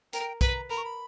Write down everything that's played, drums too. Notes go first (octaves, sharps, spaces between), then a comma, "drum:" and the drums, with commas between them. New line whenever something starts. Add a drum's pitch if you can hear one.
A#4 G5, drum: hi-hat
B4 A#5, drum: kick B1, hi-hat
A#4 B5
C#6
B5